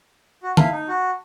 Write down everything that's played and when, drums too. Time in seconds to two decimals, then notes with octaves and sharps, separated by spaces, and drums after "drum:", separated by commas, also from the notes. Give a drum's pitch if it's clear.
0.43 F#4
0.57 E4 F5 A5, drum: tom D3
0.72 D#4
0.88 F#4